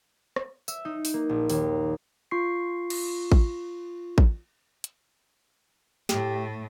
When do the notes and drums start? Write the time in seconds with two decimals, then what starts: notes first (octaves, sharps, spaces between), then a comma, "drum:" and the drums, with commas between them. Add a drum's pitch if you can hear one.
0.36 drum: rim click
0.68 E5, drum: tambourine
0.85 D#4
1.05 drum: open hi-hat
1.14 A#3
1.29 A#1
1.50 D#2, drum: open hi-hat
2.31 F4 C#6 C7
2.90 drum: cymbal
3.32 drum: kick A1
4.18 drum: kick A1
4.84 drum: hi-hat
6.09 A2 A3 G4, drum: snare